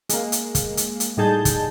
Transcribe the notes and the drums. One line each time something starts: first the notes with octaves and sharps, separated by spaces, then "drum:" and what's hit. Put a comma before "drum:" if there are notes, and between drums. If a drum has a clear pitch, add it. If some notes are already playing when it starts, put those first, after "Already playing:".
G#3 A#3, drum: hi-hat
drum: hi-hat
drum: kick, hi-hat
drum: hi-hat
drum: hi-hat
A2 G3 D#4 G#4 A5 G6
drum: kick, hi-hat